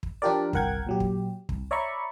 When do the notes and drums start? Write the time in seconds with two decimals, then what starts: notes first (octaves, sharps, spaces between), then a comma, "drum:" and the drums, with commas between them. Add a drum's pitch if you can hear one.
0.03 drum: kick
0.22 F3 D4 F4 G4 A#4 D5
0.53 G1 C2 A#4 F#5 G5 G#6, drum: kick
0.87 A#2 F#3 G4
1.00 drum: kick
1.49 C2, drum: kick
1.71 C#5 D5 E5 A#5 B5 C#6